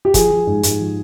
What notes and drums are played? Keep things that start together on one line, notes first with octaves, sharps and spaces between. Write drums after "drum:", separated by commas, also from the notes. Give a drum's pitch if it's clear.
G4
F3 G#4, drum: kick, hi-hat
F3
G#2
G#2, drum: hi-hat
F3